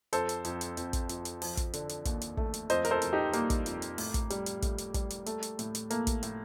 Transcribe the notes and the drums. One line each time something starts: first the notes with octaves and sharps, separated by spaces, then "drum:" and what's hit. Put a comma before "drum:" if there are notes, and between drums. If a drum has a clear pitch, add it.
F2 A4 C5, drum: hi-hat
drum: hi-hat
F2, drum: hi-hat
drum: hi-hat
F2, drum: hi-hat
drum: kick, hi-hat
F2, drum: hi-hat
drum: hi-hat
F3, drum: open hi-hat
drum: kick, hi-hat
D3, drum: hi-hat
drum: hi-hat
D#2, drum: kick, hi-hat
drum: hi-hat
A3, drum: kick
drum: hi-hat
F2 C5 D#5, drum: hi-hat
A#4, drum: hi-hat
A4 C5
F2, drum: hi-hat
D#4 G4
G3 A#3, drum: hi-hat
drum: kick, hi-hat
F2, drum: hi-hat
drum: hi-hat
A2, drum: open hi-hat
drum: kick, hi-hat
G3, drum: hi-hat
drum: hi-hat
A2, drum: kick, hi-hat
drum: hi-hat
G3, drum: kick, hi-hat
drum: hi-hat
A3, drum: hi-hat
drum: hi-hat
A2, drum: hi-hat
drum: hi-hat
A3 A#3, drum: hi-hat
drum: kick, hi-hat
A2, drum: hi-hat